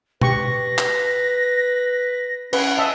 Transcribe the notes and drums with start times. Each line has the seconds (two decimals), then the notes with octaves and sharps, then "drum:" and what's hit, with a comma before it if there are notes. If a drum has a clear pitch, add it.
0.21 G4 B4 C#6 A#6, drum: tom B2
0.78 drum: clap
2.53 C#4 B4 F#5, drum: cymbal
2.78 D#5 E5 A5